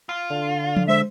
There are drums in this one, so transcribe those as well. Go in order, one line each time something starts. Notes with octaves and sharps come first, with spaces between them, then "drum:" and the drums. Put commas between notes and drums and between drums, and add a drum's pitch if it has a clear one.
F4
D3
drum: tom F3
G#3 C5 E5